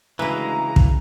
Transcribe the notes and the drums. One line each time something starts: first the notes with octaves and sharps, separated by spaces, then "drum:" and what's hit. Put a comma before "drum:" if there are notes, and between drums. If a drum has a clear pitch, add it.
D2 C#3 E3 G#3 E4 B4 A#5
drum: kick